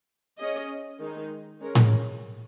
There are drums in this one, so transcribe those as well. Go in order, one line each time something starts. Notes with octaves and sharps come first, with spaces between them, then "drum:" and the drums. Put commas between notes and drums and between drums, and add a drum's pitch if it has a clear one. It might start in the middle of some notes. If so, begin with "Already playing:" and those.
C#4 G#4 D#5
D#3 G#3 D#4
G#3 C#4 A#4 C#5
drum: tom A2